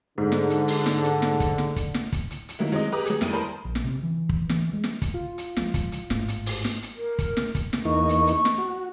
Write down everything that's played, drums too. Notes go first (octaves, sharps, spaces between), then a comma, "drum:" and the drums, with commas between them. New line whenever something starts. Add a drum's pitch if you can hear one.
G#2 D3
drum: snare
drum: hi-hat
drum: open hi-hat
drum: snare
drum: hi-hat
drum: snare
drum: kick, hi-hat
drum: snare
drum: kick, hi-hat
drum: snare
drum: kick, hi-hat
drum: hi-hat
drum: hi-hat
D#3 F#3 A#3 E4
F#3 G#3 C4 D#5
G4 G#4 B4 A#5 D6 D#6
F#3 G#4, drum: hi-hat
F1 D#2 G3 E4 D#7, drum: snare
A#4 C5 A5 B5
A#1
drum: snare
C3
E3
drum: kick
E3, drum: snare
G#3
drum: snare
drum: kick, hi-hat
F4
drum: hi-hat
F3 G#3, drum: snare
drum: kick, hi-hat
drum: hi-hat
G#1 A2, drum: snare
drum: hi-hat
drum: open hi-hat
drum: snare
drum: hi-hat
A#4
drum: kick, hi-hat
drum: snare
drum: kick, hi-hat
drum: snare
E2 A#3 D#4 C#6
drum: hi-hat
drum: hi-hat
drum: snare
F#4